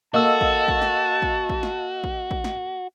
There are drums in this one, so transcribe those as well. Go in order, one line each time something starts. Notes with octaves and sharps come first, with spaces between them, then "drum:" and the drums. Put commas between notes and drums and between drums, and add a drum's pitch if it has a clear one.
A#3 F#4 A4 D#5 F5 A5 E6
drum: kick
drum: kick
drum: snare
drum: kick
drum: kick
drum: snare
drum: kick
drum: kick
drum: snare